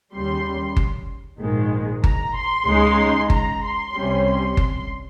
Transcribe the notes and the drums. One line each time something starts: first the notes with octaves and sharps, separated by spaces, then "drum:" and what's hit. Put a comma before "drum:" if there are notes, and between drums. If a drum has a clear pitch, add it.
D#2 C#3 G3 C6
drum: kick G1
A#1 G#2 D#3 G#3
A#5, drum: kick G1
C6
C#2 C#3 G#3 D#4
A#5, drum: kick G1
C6
C2 C3 G3 C#4
C6
drum: kick G1